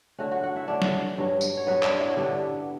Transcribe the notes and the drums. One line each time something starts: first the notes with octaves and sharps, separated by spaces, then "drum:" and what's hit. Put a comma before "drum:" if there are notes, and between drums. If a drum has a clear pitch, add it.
D3 A3 C#4 F#4 F#5
F#4 F#5
F#4 F#5
E4 E5
D3 A3 C#4 D4 D5
drum: snare
G2 F#3 C#4
drum: tambourine
C#5
G2 F#3 B3 C#4 B4
D4 D5, drum: clap
E4 E5
C#5
G2 D3 G3 B3 D4 D5